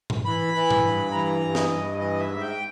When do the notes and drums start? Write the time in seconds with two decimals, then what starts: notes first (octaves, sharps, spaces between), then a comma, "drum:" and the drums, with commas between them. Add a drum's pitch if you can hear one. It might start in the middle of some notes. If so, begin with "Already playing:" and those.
0.10 drum: tom G#2
0.25 E3 B5
0.54 E3
0.71 drum: tom G#2
0.83 G2
1.11 E3 A#5
1.40 G2
1.55 D#5, drum: snare
1.69 G2
1.98 E3 D#5
2.20 E5
2.27 G#2
2.41 G5